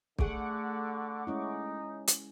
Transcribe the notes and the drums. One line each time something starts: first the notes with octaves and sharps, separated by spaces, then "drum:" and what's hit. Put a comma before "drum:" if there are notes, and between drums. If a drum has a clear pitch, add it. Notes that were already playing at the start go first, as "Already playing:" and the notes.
D3 A3 G#4 F#5 C#6 D6, drum: kick
G#3 C#4 D#4 E4
drum: hi-hat